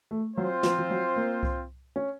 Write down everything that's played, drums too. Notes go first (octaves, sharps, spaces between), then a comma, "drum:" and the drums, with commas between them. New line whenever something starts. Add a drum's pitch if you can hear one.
A3
F#3 C4 F4 C5
F3, drum: snare
F3
F#3
A#3
drum: kick C2
C#4